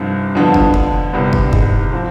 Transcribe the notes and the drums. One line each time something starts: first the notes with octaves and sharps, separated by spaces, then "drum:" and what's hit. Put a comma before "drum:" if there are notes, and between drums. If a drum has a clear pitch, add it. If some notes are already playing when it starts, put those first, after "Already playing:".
Already playing: C2 G2 C3 F3 C4 D#4
F2 D3 F3 B3
drum: kick
drum: kick
C2 G2 C3 G3 B3
drum: kick
G#2, drum: kick
F3 C4